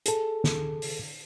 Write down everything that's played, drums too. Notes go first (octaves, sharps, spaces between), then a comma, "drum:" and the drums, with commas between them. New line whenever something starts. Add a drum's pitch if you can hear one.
G#4 A4, drum: hi-hat
drum: snare
drum: open hi-hat